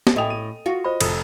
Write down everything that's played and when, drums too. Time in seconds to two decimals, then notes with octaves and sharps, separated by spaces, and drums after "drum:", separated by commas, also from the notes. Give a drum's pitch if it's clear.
0.07 drum: snare
0.16 A2 D#5 E5 G5 G#5 D#6 F7
0.30 D#7
0.66 F4 F#4
0.84 C5 D#5 B5
1.01 F1 A4 D#6, drum: cymbal